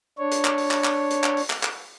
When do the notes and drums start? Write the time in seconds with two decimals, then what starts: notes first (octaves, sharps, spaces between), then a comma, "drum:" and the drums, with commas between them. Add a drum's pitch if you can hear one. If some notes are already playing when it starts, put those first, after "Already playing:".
0.18 D4 C#5
0.31 drum: hi-hat
0.45 drum: clap
0.58 drum: open hi-hat
0.71 drum: clap
0.84 drum: clap
1.11 drum: hi-hat
1.24 drum: clap
1.37 drum: open hi-hat
1.50 drum: clap
1.63 drum: clap